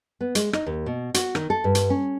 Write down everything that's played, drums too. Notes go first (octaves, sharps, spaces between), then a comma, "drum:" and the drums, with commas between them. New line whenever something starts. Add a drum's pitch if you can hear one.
B3
G#3, drum: hi-hat
D#4, drum: rim click
D#2
B2
F#4, drum: hi-hat
D#3, drum: rim click
A4
G2
drum: hi-hat
C#4